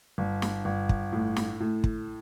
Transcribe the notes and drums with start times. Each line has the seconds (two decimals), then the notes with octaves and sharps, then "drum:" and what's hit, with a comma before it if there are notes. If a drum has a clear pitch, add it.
0.18 G1
0.42 drum: snare
0.65 G1
0.89 drum: kick
1.12 A2
1.36 drum: snare
1.60 A2
1.84 drum: kick